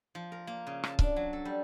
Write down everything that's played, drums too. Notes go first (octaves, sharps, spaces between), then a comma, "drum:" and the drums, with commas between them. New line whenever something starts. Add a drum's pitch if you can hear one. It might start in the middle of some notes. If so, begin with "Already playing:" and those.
F3
A#4
A#3
C#3
A5, drum: rim click
D4, drum: kick C#1
F#3
A4
G3